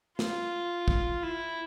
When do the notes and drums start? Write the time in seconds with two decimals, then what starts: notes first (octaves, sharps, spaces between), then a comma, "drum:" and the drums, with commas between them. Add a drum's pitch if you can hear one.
0.19 F4, drum: snare
0.88 drum: kick
1.23 E4